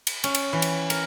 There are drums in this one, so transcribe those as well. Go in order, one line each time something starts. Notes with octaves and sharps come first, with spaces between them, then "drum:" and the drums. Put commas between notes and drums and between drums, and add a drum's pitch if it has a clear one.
drum: cymbal
C#4, drum: cymbal
drum: cymbal
E3
drum: cymbal
A#4, drum: cymbal